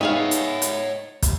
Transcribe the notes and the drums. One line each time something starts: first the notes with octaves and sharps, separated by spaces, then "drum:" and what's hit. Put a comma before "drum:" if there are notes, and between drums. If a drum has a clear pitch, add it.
B3 D#4 G#4 C#5 E5 F5
drum: hi-hat
drum: hi-hat
drum: kick, hi-hat